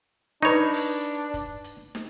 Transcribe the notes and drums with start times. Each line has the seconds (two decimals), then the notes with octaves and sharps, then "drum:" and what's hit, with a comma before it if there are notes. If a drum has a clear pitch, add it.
0.43 D4 D#4 B4 C#5 B5 C#6, drum: hi-hat
0.73 drum: open hi-hat
1.03 drum: hi-hat
1.34 drum: kick, hi-hat
1.64 drum: hi-hat
1.95 drum: snare